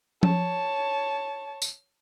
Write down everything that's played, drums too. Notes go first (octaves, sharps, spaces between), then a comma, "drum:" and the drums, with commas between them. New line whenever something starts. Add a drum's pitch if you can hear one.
C#5 A5, drum: tom F3
drum: tambourine